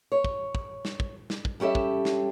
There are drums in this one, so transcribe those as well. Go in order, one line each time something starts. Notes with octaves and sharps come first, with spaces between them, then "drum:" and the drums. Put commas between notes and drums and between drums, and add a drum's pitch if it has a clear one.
C#5
drum: kick
drum: kick
drum: snare
drum: kick
drum: snare
drum: kick
G3 C#4 G4 A4 E5
drum: kick
drum: snare